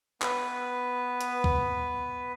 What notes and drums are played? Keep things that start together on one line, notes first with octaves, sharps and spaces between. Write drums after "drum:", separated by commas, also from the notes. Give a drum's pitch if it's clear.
B3 B4, drum: clap
drum: hi-hat
drum: kick C#2